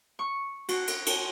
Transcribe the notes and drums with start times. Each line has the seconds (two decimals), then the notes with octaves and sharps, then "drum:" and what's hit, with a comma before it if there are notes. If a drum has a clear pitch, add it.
0.19 C#6
0.69 F#4, drum: cymbal
0.88 drum: cymbal
1.06 drum: cymbal